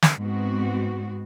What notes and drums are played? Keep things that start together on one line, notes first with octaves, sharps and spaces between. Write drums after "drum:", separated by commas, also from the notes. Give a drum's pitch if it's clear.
drum: snare
G#2 B3 C4 F#4